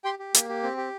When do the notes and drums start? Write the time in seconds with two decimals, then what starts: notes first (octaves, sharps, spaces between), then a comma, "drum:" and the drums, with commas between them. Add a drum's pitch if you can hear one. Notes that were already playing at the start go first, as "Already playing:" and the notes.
0.04 G4 G5 C6
0.19 G4
0.34 A#3, drum: hi-hat
0.49 G4
0.63 C4
0.77 G4